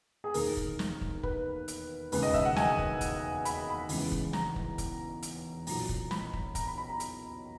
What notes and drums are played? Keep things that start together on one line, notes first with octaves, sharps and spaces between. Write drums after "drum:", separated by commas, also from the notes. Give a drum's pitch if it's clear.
G#4
E1 D#2 D#3 A#3 A#4, drum: open hi-hat
drum: kick
drum: snare
drum: kick
B4, drum: kick
drum: hi-hat
E1 D#2 C#3 G#3 B4, drum: open hi-hat
D#5
E5, drum: kick
F#5
G#5, drum: snare
drum: kick
drum: kick, hi-hat
B5, drum: hi-hat
B5
E2 C#3 G#3, drum: open hi-hat
drum: kick
A#5, drum: snare
drum: kick
drum: kick, hi-hat
drum: hi-hat
B1 A#2 F#3 A#5, drum: open hi-hat
drum: kick
B5, drum: snare
drum: kick
A#5, drum: kick, hi-hat
B5
B5
A#5
drum: hi-hat